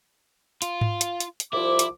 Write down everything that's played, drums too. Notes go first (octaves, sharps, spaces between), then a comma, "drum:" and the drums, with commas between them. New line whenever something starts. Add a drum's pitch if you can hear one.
F4, drum: hi-hat
drum: tom G#2
drum: hi-hat
drum: hi-hat
drum: hi-hat
C2 F3 E4 D6
drum: hi-hat